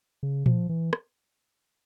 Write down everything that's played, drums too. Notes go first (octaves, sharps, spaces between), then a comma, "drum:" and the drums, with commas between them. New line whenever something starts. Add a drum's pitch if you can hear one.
C#3
F3, drum: tom A#2
E3
drum: rim click